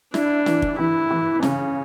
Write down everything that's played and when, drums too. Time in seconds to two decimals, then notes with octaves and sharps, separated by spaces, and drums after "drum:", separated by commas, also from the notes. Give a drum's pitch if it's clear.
0.14 D4 E4, drum: snare
0.46 E3, drum: snare
0.62 drum: kick
0.78 E3 E4
1.11 E3
1.43 C#3 C#4, drum: snare